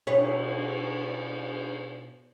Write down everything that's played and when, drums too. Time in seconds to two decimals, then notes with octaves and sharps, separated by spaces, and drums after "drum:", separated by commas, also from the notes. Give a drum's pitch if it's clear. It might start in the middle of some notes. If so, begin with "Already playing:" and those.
0.07 B2 B4 C#5, drum: cymbal